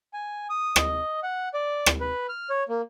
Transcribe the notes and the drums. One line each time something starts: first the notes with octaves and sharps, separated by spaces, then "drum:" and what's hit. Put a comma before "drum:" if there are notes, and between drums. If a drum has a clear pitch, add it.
G#5
D#6
D#5, drum: rim click
F#5
D5
drum: rim click
B4
F6
C#5
A#3